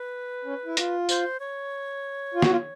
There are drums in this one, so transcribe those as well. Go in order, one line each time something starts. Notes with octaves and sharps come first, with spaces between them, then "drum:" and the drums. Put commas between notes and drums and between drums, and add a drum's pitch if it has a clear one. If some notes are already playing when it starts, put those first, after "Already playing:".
Already playing: B4
C#4
E4
F4, drum: hi-hat
C5, drum: tambourine
C#5
F4
F#4, drum: snare
F4